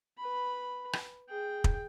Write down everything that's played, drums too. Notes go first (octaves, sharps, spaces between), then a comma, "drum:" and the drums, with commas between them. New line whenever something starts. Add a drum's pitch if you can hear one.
B4 B5
drum: rim click
G#4 G5
drum: kick